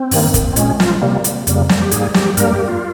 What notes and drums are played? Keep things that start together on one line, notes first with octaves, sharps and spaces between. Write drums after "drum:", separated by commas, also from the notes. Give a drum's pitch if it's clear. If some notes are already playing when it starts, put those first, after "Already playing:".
Already playing: C4
G2 D#3 A#3, drum: open hi-hat
drum: kick, hi-hat
C4
A#2 G#3 C#4, drum: hi-hat
F4, drum: snare
C3 G3 A#3
drum: hi-hat
F2 C#3 G3 A#3, drum: hi-hat
drum: snare
G4
G#2 G3 A#3 G#4, drum: hi-hat
G4, drum: snare
G2 G3 A#3 A#4, drum: hi-hat
G4
F4